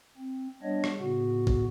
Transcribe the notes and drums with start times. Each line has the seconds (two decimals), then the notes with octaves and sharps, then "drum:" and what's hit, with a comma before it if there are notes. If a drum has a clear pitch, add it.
0.17 C4
0.63 G3 B3 D4 C#5 D#5
0.84 drum: rim click
1.00 A2 C#3 B3 F#4
1.47 drum: kick G#1